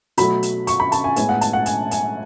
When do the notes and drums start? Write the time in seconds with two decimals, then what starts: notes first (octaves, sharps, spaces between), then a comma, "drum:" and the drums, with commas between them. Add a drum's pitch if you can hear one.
0.17 B2 F#3 A3 B5, drum: hi-hat
0.43 drum: hi-hat
0.67 C#6, drum: hi-hat
0.80 B5
0.92 A5, drum: hi-hat
1.04 G#5
1.16 A2 G#3 B3 G#5, drum: hi-hat
1.29 F#5
1.41 A5, drum: hi-hat
1.53 F#5
1.66 G#5, drum: hi-hat
1.91 G#5, drum: hi-hat